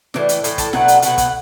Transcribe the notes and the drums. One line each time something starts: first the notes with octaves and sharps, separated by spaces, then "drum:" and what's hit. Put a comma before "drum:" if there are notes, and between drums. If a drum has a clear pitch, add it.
A2 E3 D4, drum: snare
drum: hi-hat
A2 E3, drum: hi-hat
A5, drum: kick, hi-hat
B2 F#3 A3 D4 F#5, drum: snare
drum: hi-hat
B2 F#3 A3 D4 F#5, drum: hi-hat
drum: kick, hi-hat